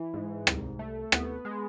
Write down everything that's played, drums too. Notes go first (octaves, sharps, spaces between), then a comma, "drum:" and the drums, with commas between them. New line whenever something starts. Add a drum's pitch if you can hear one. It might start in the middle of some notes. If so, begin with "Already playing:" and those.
Already playing: E3
G#2
C2, drum: rim click
A3
B3, drum: rim click
G#3